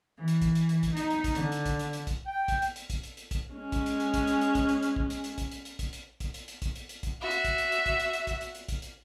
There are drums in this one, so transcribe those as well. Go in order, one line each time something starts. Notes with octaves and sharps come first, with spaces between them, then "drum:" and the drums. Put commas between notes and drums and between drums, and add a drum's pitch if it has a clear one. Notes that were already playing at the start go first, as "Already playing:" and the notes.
E3
drum: hi-hat
drum: kick, hi-hat
drum: hi-hat
drum: hi-hat
drum: kick, hi-hat
D#4, drum: hi-hat
drum: hi-hat
drum: kick, hi-hat
D3, drum: hi-hat
drum: hi-hat
drum: kick, hi-hat
drum: hi-hat
drum: hi-hat
drum: kick, hi-hat
G5
drum: kick, hi-hat
drum: hi-hat
drum: hi-hat
drum: kick, hi-hat
drum: hi-hat
drum: hi-hat
drum: kick, hi-hat
G#3 C#4
drum: kick, hi-hat
drum: hi-hat
drum: hi-hat
drum: kick, hi-hat
drum: hi-hat
drum: hi-hat
drum: kick, hi-hat
drum: hi-hat
drum: hi-hat
drum: kick
drum: hi-hat
drum: hi-hat
drum: kick, hi-hat
drum: hi-hat
drum: hi-hat
drum: kick, hi-hat
drum: hi-hat
drum: kick, hi-hat
drum: hi-hat
drum: hi-hat
drum: kick, hi-hat
drum: hi-hat
drum: hi-hat
drum: kick, hi-hat
F#4 E5
drum: hi-hat
drum: kick, hi-hat
drum: hi-hat
drum: hi-hat
drum: kick, hi-hat
drum: hi-hat
drum: hi-hat
drum: kick, hi-hat
drum: hi-hat
drum: hi-hat
drum: kick, hi-hat
drum: hi-hat